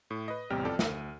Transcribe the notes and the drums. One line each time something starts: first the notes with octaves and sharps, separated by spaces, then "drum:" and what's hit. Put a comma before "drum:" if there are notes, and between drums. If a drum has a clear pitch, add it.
A2
B4 D#5
A1 E2 C3 G3 G5 F6
F2 A4 D5 G5
D2 D#7, drum: snare